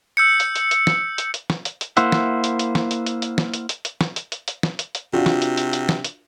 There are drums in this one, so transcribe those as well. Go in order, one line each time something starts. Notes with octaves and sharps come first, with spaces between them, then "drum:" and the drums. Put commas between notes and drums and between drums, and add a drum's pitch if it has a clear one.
E6 G6 C#7
drum: hi-hat
drum: hi-hat
drum: hi-hat
drum: snare
drum: hi-hat
drum: hi-hat
drum: snare
drum: hi-hat
drum: hi-hat
A#3 E4 C5 E5 F#5, drum: hi-hat
drum: snare
drum: hi-hat
drum: hi-hat
drum: snare
drum: hi-hat
drum: hi-hat
drum: hi-hat
drum: snare
drum: hi-hat
drum: hi-hat
drum: hi-hat
drum: snare
drum: hi-hat
drum: hi-hat
drum: hi-hat
drum: snare
drum: hi-hat
drum: hi-hat
C3 D4 F4 F#4
drum: snare
drum: hi-hat
drum: hi-hat
drum: hi-hat
drum: snare
drum: hi-hat